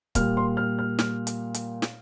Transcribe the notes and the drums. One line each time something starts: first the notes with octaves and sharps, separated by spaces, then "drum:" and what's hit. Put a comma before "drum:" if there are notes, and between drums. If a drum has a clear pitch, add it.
A#2 G3 F6, drum: kick, hi-hat
C6
F6
F6
F6, drum: snare
drum: hi-hat
drum: hi-hat
drum: snare